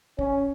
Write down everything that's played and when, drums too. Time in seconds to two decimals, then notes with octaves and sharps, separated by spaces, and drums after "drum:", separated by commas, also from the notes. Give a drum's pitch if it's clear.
0.19 C#4, drum: kick